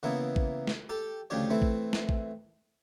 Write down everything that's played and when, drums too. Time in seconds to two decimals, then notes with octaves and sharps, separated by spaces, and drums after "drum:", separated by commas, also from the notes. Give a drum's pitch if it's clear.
0.03 C#3 E3 A#3 B3 E4
0.36 drum: kick A1
0.67 drum: snare
0.89 G4 A4 G5
1.30 D2 C#3 F3 D4 G4 C#5
1.50 E3 A3 C4 E4
1.62 drum: kick A1
1.93 drum: snare
2.09 drum: kick A1